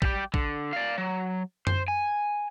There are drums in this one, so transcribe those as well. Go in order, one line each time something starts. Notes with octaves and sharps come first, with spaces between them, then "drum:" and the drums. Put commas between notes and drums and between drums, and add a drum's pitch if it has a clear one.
G3 G4, drum: kick A#1
D3, drum: kick A#1
D5 F5
F#3
C5, drum: tom F#2
G#5